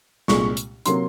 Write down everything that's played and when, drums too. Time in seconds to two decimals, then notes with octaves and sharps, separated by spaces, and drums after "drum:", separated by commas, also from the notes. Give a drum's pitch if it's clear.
0.28 C2 A#2 G#3 C#6, drum: snare
0.57 drum: hi-hat
0.86 C3 F#3 A#3 C6, drum: hi-hat